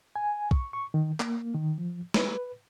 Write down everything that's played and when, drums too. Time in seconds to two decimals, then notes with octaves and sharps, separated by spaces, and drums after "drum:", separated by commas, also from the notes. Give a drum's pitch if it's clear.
0.16 G#5
0.51 C#6, drum: kick
0.73 C#6
0.94 D#3
1.20 A#3, drum: clap
1.55 D#3
1.78 F3
2.14 B4, drum: snare